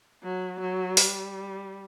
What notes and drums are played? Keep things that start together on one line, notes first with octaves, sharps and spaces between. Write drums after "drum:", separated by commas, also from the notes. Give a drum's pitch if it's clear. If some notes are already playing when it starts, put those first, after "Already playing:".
F#3
F#3
G3, drum: open hi-hat